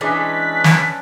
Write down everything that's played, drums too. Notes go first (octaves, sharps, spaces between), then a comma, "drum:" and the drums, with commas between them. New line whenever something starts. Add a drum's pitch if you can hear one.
E3 G#3 C#4 D4 B4 B6
drum: snare